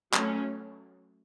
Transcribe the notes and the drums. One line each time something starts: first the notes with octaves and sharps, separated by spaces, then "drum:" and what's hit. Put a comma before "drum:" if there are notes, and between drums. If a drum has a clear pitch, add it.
F#3 A3 C#4, drum: clap